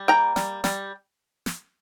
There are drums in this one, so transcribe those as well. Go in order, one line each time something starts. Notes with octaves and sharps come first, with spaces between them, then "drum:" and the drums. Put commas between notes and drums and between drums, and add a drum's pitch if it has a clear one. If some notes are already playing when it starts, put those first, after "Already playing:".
Already playing: G3
A#3 G5 A#5
G3, drum: snare
G3, drum: snare
drum: snare